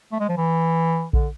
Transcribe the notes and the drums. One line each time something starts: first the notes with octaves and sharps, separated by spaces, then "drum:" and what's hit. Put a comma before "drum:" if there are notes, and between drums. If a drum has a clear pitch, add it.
A3
G#3
F3
E3
D3, drum: kick A#1